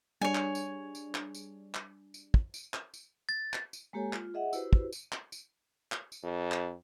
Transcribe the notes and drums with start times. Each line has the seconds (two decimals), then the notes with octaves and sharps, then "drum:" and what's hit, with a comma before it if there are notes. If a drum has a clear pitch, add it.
0.21 G3 D4 G#4 C#5 G#5
0.35 drum: clap
0.55 drum: tambourine
0.95 drum: tambourine
1.15 drum: clap
1.35 drum: tambourine
1.74 drum: clap
2.14 drum: tambourine
2.34 drum: kick
2.54 drum: tambourine
2.74 drum: clap
2.94 drum: tambourine
3.29 A6
3.53 drum: clap
3.73 drum: tambourine
3.93 G#3 A#3 G4 A4 C#5 G#5
4.13 F4, drum: clap
4.34 G#4 D#5 E5 F#5
4.53 E4 F#4 G4 B4 C5, drum: tambourine
4.73 drum: kick
4.93 drum: tambourine
5.12 drum: clap
5.32 drum: tambourine
5.92 drum: clap
6.12 drum: tambourine
6.24 F2
6.52 drum: clap